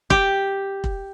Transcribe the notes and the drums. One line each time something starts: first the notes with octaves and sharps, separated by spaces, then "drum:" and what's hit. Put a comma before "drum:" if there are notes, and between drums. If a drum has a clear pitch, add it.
G4, drum: kick
drum: kick